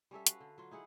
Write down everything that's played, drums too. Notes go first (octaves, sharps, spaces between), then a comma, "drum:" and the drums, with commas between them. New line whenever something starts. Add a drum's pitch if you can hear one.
G3 C#4 A4 E5
F#4 B4 F5, drum: hi-hat
D3
F#3 F4
D#4 E4 G#4 F#5